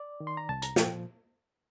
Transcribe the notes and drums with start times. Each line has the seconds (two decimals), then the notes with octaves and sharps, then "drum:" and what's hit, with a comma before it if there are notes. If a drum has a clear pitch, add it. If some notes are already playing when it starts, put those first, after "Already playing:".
Already playing: D5
0.20 D#3
0.27 C6
0.37 A#5
0.49 C2 A5
0.62 A#5, drum: hi-hat
0.76 A#2 F3 G5, drum: snare